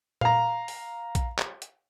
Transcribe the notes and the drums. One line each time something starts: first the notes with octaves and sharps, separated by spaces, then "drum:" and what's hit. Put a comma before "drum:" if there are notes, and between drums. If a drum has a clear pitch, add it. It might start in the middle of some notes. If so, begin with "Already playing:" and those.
F5 A#5, drum: tom A#2
drum: open hi-hat
drum: kick A#1, hi-hat
drum: clap
drum: hi-hat